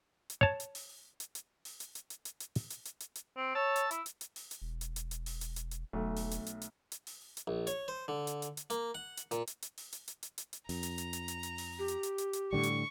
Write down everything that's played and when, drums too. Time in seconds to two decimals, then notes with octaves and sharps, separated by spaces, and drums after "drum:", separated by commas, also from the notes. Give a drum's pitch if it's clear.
0.30 drum: hi-hat
0.41 C#5 A5
0.60 drum: hi-hat
0.75 drum: open hi-hat
1.20 drum: hi-hat
1.35 drum: hi-hat
1.65 drum: open hi-hat
1.80 drum: hi-hat
1.95 drum: hi-hat
2.10 drum: hi-hat
2.25 drum: hi-hat
2.40 drum: hi-hat
2.55 drum: open hi-hat
2.70 drum: hi-hat
2.85 drum: hi-hat
3.00 drum: hi-hat
3.15 drum: hi-hat
3.37 C4
3.55 C#5 A5 E6
3.76 drum: hi-hat
3.91 E4, drum: hi-hat
4.06 drum: hi-hat
4.21 drum: hi-hat
4.36 drum: open hi-hat
4.51 drum: hi-hat
4.62 E1
4.81 drum: hi-hat
4.96 drum: hi-hat
5.11 drum: hi-hat
5.26 drum: open hi-hat
5.41 drum: hi-hat
5.56 drum: hi-hat
5.71 drum: hi-hat
5.93 E1 B1 A3
6.16 drum: open hi-hat
6.31 drum: hi-hat
6.46 drum: hi-hat
6.62 drum: hi-hat
6.92 drum: hi-hat
7.07 drum: open hi-hat
7.37 drum: hi-hat
7.47 A#1
7.67 C#5, drum: hi-hat
7.88 C5
8.08 D3
8.27 drum: hi-hat
8.42 drum: hi-hat
8.57 drum: hi-hat
8.70 A#3, drum: hi-hat
8.95 F#5
9.17 drum: hi-hat
9.31 A#2, drum: hi-hat
9.47 drum: hi-hat
9.62 drum: hi-hat
9.77 drum: open hi-hat
9.93 drum: hi-hat
10.08 drum: hi-hat
10.23 drum: hi-hat
10.38 drum: hi-hat
10.53 drum: hi-hat
10.69 F2 A#5, drum: open hi-hat
10.83 drum: hi-hat
10.98 drum: hi-hat
11.13 drum: hi-hat
11.28 drum: hi-hat
11.43 drum: hi-hat
11.58 drum: open hi-hat
11.79 G4
11.88 drum: hi-hat
12.03 drum: hi-hat
12.18 drum: hi-hat
12.33 drum: hi-hat
12.53 A2 D3 G3 C#6
12.63 drum: hi-hat